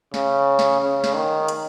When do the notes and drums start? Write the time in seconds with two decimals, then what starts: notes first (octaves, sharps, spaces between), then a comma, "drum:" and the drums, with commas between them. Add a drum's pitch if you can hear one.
0.14 C#3, drum: snare
0.59 drum: snare
0.81 C#3
1.04 drum: snare
1.15 D#3
1.48 drum: hi-hat